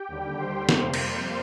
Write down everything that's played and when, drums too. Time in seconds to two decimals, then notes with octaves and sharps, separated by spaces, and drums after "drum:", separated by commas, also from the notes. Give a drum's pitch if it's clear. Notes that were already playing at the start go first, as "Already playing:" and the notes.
Already playing: G4 G5
0.08 D#2 D3 G3
0.38 C5 C6
0.69 F2 C3 G3 A#3, drum: snare
0.94 drum: cymbal